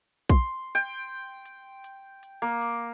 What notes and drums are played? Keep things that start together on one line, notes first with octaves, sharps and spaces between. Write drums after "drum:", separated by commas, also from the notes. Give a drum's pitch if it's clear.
C6, drum: kick A#1, hi-hat
G5
drum: hi-hat
drum: hi-hat
drum: hi-hat
A#3
drum: hi-hat